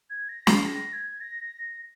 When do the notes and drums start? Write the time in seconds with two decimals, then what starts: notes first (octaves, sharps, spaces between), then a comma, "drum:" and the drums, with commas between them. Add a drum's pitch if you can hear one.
0.10 G#6
0.29 A#6
0.47 C7, drum: snare
0.66 A#6
0.93 G#6
1.21 A#6